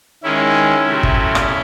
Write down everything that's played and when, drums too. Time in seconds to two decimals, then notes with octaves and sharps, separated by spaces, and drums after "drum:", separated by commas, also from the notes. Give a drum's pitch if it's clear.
0.23 D#3 G#3 C#4 E4
0.87 C3 F#3 A3
1.03 drum: kick
1.35 drum: rim click